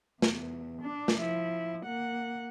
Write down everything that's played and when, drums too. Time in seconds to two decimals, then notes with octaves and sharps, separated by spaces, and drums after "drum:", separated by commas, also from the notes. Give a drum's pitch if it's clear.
0.22 E2, drum: snare
0.82 D4
1.08 drum: snare
1.19 F3 E4
1.85 A#3 F#5